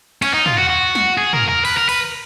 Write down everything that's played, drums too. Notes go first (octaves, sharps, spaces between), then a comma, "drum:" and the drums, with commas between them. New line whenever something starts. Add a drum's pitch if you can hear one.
C#4, drum: cymbal
D#4
F4, drum: tom
F#4
F#4
drum: snare
G#4
A#4, drum: tom
A#4
B4, drum: cymbal
A#4
B4, drum: cymbal